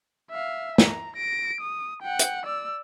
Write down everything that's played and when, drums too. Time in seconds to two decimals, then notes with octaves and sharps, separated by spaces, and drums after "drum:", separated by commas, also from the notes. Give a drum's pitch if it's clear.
0.31 E5 F5
0.78 A#5, drum: snare
1.16 A#6 D7
1.61 D#6
2.03 F#5 G5
2.19 drum: hi-hat
2.45 D5 E6